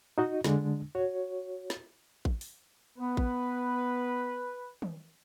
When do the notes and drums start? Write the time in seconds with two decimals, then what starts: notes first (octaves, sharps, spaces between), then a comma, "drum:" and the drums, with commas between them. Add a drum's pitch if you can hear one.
0.18 D#4 F#4 D#5
0.44 D3 G#3 D4, drum: snare
0.95 F#4 C#5
1.70 drum: snare
2.25 drum: kick A1
2.41 drum: open hi-hat
2.99 B3 B4
3.17 drum: kick A1
4.82 drum: tom D#3